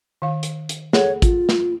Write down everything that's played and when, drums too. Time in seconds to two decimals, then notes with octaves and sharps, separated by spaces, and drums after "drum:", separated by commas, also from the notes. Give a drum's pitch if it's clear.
0.22 D#3 F5
0.43 drum: hi-hat
0.69 drum: hi-hat
0.93 G#4 A4 C#5 F#5, drum: snare
1.22 F4, drum: kick, hi-hat
1.49 drum: snare